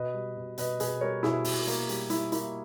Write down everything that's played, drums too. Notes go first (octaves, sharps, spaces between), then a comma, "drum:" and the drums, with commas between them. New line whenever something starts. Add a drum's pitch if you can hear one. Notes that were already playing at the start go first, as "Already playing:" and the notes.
Already playing: B2 B4 D#5
G3
B2
B2 B4 D#5, drum: hi-hat
B2 G#4 B4, drum: hi-hat
G3 A#4 C#5
B2 E4 G#4, drum: snare
B2, drum: open hi-hat
A#3, drum: hi-hat
G3, drum: hi-hat
G3 E4, drum: hi-hat
A#3 E4, drum: hi-hat